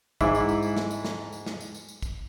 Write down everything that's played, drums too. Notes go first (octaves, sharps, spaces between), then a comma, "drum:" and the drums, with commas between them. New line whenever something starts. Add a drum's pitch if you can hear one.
G#2 E4 E5 D6, drum: kick, tambourine
drum: tambourine
drum: tambourine
drum: tambourine
drum: snare
drum: tambourine
drum: snare
drum: tambourine
drum: snare
drum: tambourine
drum: tambourine
drum: tambourine
drum: kick, tambourine